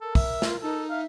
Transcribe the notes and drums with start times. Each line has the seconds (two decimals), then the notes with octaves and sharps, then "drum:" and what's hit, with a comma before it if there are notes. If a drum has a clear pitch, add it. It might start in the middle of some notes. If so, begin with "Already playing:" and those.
0.01 A4 A#4
0.15 E5, drum: kick, open hi-hat
0.42 F4, drum: snare
0.63 D#4 A4
0.90 E5 F5